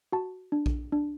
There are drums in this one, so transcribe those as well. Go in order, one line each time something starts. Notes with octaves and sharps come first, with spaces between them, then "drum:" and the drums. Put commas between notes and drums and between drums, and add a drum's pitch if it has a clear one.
F#4 A5
D4
drum: kick A#1
D4